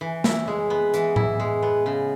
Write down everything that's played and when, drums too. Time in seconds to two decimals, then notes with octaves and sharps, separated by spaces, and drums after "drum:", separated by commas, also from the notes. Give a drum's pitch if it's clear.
0.01 E3
0.24 E4, drum: snare
0.48 G#3
0.70 B3
0.94 E3, drum: hi-hat
1.16 E4, drum: tom A2
1.40 G#3
1.62 B3
1.86 C#3